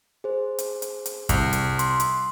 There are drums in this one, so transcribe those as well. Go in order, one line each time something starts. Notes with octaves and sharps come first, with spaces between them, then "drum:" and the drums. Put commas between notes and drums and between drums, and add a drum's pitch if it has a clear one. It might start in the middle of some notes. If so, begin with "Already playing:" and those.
G#4 C5
drum: hi-hat
drum: hi-hat
drum: hi-hat
C2, drum: kick, hi-hat
drum: hi-hat
C6, drum: hi-hat
drum: hi-hat